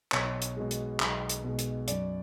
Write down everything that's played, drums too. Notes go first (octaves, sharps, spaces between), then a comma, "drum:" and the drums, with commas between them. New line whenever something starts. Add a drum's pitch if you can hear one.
B1 C#5, drum: clap
drum: hi-hat
B2 G#3
drum: hi-hat
B1, drum: clap
drum: hi-hat
B2 G#3
drum: hi-hat
F#2 D5, drum: hi-hat